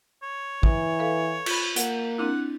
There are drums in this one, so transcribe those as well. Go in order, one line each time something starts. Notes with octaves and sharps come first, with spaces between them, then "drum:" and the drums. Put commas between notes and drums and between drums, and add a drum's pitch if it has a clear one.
C#5
E3, drum: kick
A4 B4 F5
F4 B5, drum: cymbal
A#3 F#5, drum: hi-hat
C4 D4 E4 F#5